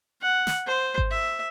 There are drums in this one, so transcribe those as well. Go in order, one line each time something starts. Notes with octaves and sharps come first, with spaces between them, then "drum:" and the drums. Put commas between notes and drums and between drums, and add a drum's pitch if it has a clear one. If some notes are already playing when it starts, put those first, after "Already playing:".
F#5
drum: snare
C5
drum: kick G#1
E5